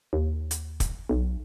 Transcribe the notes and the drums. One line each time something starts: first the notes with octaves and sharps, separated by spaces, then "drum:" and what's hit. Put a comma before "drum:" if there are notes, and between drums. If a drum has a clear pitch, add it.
D#2
drum: hi-hat
drum: kick, hi-hat
B1